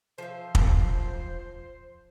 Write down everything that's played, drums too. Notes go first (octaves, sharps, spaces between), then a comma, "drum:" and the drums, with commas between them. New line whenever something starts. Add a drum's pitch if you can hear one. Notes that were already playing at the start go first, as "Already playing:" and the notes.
F3 C5 E5
drum: kick